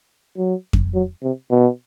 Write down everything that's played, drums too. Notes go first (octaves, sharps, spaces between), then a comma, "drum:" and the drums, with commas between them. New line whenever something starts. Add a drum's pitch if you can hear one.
F#3
drum: kick F2
F#3
C3
B2